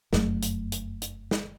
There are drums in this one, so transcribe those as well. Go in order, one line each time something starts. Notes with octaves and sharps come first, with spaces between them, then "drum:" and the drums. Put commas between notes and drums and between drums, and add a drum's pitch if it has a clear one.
F1 F#2 F#3 A3, drum: snare
drum: hi-hat
drum: hi-hat
drum: hi-hat
drum: snare